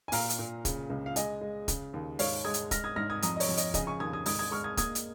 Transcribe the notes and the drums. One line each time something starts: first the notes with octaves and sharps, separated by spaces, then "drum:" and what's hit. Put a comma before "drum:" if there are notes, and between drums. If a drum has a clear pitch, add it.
G#5
A#2 F5 A#5, drum: open hi-hat
drum: hi-hat
A#2
C#3, drum: kick, hi-hat
C#2
F5
G#3 D#5 G#5, drum: hi-hat
G#3
C#3, drum: kick, hi-hat
D#2
G#2 C#5 F5, drum: open hi-hat
G#3 D#6 G#6
drum: hi-hat
G#3 F6 A#6, drum: kick, hi-hat
D#6 G#6
G#2 F6 A#6
D#6 G#6
F2 A#5 D#6, drum: hi-hat
D#5
C#5, drum: open hi-hat
F2
D#5, drum: hi-hat
C#3 D#5 G#5, drum: kick, hi-hat
G#5 C#6
D#2 D#6 G#6
D#6 G#6
G#2 D#6 G#6, drum: open hi-hat
D#6 G#6
G#3 C#6 F6
D#6 G#6
A#3 D#6 G#6, drum: kick, hi-hat
drum: hi-hat